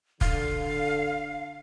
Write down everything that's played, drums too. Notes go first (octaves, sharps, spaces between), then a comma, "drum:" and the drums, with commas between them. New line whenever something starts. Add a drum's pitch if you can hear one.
D3 F5, drum: kick